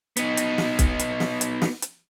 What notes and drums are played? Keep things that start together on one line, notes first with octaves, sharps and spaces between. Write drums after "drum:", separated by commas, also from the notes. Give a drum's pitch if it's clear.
B3 D#4, drum: hi-hat
drum: hi-hat
drum: snare
drum: kick, hi-hat
drum: hi-hat
drum: snare
drum: hi-hat
drum: snare
drum: hi-hat